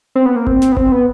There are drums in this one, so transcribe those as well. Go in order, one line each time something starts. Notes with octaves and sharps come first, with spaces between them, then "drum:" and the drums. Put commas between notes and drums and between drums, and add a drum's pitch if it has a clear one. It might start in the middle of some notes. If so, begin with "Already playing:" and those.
C4
B3
A#3
C4, drum: kick G1
drum: snare
B3
C4, drum: kick G1
B3